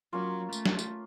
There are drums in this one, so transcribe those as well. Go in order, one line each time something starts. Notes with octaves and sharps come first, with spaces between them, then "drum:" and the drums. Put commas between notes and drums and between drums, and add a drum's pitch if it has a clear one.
F#3 A#3 C#4 F4
A3, drum: tambourine
drum: snare
drum: tambourine